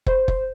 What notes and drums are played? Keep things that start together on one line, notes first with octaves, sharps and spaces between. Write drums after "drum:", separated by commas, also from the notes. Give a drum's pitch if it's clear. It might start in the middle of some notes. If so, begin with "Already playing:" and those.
C5, drum: kick
drum: kick